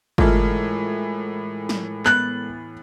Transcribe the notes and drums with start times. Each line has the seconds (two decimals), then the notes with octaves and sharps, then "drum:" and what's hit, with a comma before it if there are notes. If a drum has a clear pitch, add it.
0.18 A2 E3 G#3 F4 A4 A#4, drum: kick
1.69 drum: snare
2.06 B3 F#6 A6, drum: clap